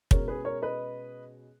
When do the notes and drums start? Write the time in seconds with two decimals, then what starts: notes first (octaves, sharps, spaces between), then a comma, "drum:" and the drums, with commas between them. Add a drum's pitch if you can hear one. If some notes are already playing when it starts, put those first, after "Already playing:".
0.11 B2 G#3 C#4 A#4 C#5, drum: kick
0.28 G#4 B4
0.45 A#4 C#5
0.62 B4 D#5